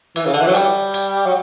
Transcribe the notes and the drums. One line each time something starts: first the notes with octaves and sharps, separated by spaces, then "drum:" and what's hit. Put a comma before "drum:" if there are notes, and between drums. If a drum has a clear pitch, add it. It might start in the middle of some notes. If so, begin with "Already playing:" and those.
E3, drum: hi-hat
C#3
D3
E3
F#3
G3, drum: hi-hat
drum: hi-hat
F#3